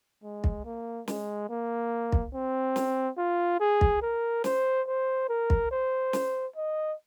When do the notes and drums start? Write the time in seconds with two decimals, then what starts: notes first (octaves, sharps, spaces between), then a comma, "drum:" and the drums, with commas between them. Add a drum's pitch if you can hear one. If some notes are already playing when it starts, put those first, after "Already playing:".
0.23 G#3
0.44 drum: kick
0.65 A#3
1.08 G#3, drum: snare
1.49 A#3
2.12 drum: kick
2.34 C4
2.76 drum: snare
3.17 F4
3.60 G#4
3.81 drum: kick
4.02 A#4
4.44 C5, drum: snare
4.87 C5
5.29 A#4
5.50 drum: kick
5.71 C5
6.13 drum: snare
6.56 D#5